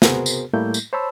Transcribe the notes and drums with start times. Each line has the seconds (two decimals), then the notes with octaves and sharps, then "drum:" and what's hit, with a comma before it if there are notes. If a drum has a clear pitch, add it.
0.02 C3 B3 F#4 G#4 A#4 C5, drum: snare
0.26 drum: tambourine
0.53 A2 G3 A3 A#3 E4 G6
0.74 drum: tambourine
0.93 C5 C#5 A5 B5 E6